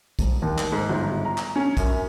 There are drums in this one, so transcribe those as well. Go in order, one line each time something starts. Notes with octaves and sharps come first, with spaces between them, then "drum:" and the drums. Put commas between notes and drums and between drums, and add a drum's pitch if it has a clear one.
D#1, drum: kick, hi-hat
D#2
drum: clap
G#2
G1
A#5
drum: clap
C#4
F#2, drum: kick, hi-hat